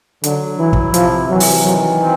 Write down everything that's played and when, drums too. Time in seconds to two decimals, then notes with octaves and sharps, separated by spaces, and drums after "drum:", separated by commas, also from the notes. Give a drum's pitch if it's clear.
0.24 D3 F#3, drum: hi-hat
0.58 E3 E4
0.73 drum: kick
0.94 C3 F3, drum: hi-hat
1.29 E3 F#3
1.40 drum: open hi-hat
1.64 D#3 F#3
2.00 C4